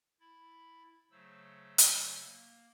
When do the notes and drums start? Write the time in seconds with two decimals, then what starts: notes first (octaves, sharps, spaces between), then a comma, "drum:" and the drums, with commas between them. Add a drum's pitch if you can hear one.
0.20 E4 B5 A6
1.11 C#3 F#3 A3 C5 E6
1.78 drum: hi-hat
2.22 A#3